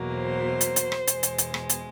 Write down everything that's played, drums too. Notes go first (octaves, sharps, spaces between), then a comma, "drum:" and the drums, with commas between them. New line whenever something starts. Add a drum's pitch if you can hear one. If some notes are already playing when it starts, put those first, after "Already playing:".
Already playing: E2 B2 F#3 A#3
C5
drum: hi-hat
drum: hi-hat
drum: rim click
E2 B2 G#3, drum: hi-hat
drum: hi-hat
drum: hi-hat
drum: rim click
drum: hi-hat